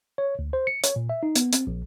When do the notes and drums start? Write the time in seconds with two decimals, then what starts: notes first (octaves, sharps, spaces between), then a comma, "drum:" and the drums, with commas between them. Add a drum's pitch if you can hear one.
0.18 C#5
0.39 D2
0.53 C5
0.67 C#7
0.84 C#5, drum: hi-hat
0.96 A#2
1.09 E5
1.23 D#4
1.35 B3, drum: hi-hat
1.53 C4, drum: hi-hat
1.67 A#1